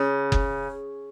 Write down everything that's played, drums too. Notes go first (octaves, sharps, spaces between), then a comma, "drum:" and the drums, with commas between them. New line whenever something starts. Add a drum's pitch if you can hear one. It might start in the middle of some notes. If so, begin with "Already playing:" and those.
Already playing: C#3
drum: kick F#1